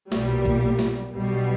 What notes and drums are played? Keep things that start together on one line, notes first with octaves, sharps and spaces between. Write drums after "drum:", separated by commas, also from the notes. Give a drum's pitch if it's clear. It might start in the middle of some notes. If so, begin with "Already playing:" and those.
B1 A#2 G3, drum: snare
drum: kick A1
drum: snare
B1 B2 G3